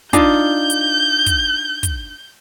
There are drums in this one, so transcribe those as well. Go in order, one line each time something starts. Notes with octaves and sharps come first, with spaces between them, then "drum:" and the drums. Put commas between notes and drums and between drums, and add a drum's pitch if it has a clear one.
D4 D#4 F4 G6, drum: kick, hi-hat
drum: hi-hat
drum: kick, hi-hat
drum: kick, hi-hat